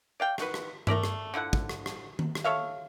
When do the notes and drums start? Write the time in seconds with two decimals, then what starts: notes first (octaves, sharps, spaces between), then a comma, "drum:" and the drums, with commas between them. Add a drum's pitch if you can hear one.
0.20 D5 F5 G5
0.38 D#3 F#4 B4, drum: rim click
0.54 drum: rim click
0.87 A3 A#4 D5 E5, drum: tom G2
1.04 drum: rim click
1.34 D3 F3 E4 F#5
1.53 drum: kick
1.69 drum: rim click
1.86 drum: rim click
2.19 drum: tom D#3
2.35 drum: rim click
2.44 A4 C#5 E5 F5